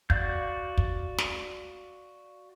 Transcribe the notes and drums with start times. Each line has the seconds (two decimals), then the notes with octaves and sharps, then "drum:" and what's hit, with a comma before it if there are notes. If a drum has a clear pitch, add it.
0.10 F#4 D5 F5 G6, drum: kick
0.78 drum: kick
1.18 drum: snare